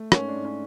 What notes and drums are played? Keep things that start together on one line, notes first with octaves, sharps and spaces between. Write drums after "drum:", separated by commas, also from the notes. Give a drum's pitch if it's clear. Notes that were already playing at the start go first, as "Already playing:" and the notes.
Already playing: A3
G#2 C#4, drum: rim click
D4
G#2
C#4